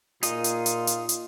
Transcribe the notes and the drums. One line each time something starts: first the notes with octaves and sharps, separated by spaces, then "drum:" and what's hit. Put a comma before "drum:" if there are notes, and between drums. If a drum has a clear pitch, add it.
A#2 D#4 F4 G#4 D#5, drum: hi-hat
drum: hi-hat
drum: hi-hat
drum: hi-hat
drum: hi-hat